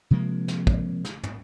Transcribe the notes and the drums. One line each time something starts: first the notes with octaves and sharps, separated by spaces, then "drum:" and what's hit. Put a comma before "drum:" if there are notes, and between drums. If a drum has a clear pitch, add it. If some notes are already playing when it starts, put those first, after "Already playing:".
C3 F3 G#3 A#3
drum: snare
drum: kick
drum: snare
drum: tom